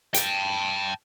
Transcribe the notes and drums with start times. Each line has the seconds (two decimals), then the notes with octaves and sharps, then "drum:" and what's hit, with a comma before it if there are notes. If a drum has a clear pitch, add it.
0.14 G5 A5, drum: hi-hat